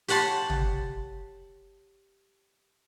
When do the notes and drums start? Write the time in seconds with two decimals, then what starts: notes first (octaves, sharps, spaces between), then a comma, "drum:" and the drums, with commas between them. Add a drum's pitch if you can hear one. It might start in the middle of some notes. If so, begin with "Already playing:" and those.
0.08 G4 C#5 F#5 A5 C6, drum: open hi-hat
0.50 drum: tom